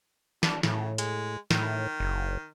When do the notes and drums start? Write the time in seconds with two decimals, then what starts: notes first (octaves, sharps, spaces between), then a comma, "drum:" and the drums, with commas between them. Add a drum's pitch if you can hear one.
0.43 B2 D4, drum: snare
0.63 A2 C#3, drum: snare
0.98 G#3, drum: hi-hat
1.51 A2 D#3, drum: snare
2.00 F#1